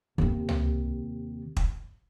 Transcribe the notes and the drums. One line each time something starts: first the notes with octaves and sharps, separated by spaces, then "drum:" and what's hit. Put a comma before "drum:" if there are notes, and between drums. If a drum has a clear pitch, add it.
D#2 C3
drum: tom C#2
drum: kick